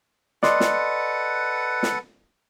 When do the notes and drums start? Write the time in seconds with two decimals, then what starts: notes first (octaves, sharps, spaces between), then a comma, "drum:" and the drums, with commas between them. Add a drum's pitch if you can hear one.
0.43 A4 B4 D5 D#5 F#5 C6, drum: snare
0.60 drum: snare
1.83 drum: snare